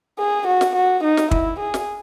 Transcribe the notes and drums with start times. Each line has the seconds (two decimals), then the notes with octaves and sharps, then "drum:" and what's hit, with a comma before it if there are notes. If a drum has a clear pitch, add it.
0.19 G#4
0.47 F#4
0.61 drum: snare
0.75 F#4
1.04 D#4
1.17 drum: snare
1.31 E4, drum: kick
1.59 G#4
1.74 drum: snare